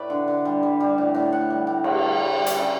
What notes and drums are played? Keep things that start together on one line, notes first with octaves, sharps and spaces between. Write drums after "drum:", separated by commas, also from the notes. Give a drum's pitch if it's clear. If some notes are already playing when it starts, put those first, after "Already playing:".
Already playing: A2 A3 B4 D5
D3
D3
G3
G3
G3
A2
A2
A2 F#5
G3
A2
A2, drum: cymbal
G3
G3
G3
D5, drum: hi-hat
C#3
E5